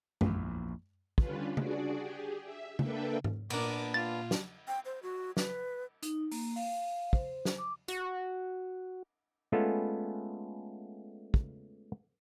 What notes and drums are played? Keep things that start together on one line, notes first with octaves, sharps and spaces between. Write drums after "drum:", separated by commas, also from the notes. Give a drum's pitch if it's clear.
A#1 E2, drum: tom
D3 G3 C#4 D4 F4 B4, drum: kick
D4 F#4 G#4 D5, drum: tom C#3
G4 G#4
E5
A#3 D4 A4 B4 E5 G5, drum: tom C#3
drum: tom G#2
A#2 B3 D4 A#4 D6, drum: cymbal
F4 A6
drum: snare
G5
C5
F#4
B4, drum: snare
D#4, drum: hi-hat
A#3, drum: open hi-hat
F5, drum: open hi-hat
C5, drum: kick
drum: snare
D6
F#4, drum: hi-hat
G#3 A3 B3 C#4 F4 A4
drum: kick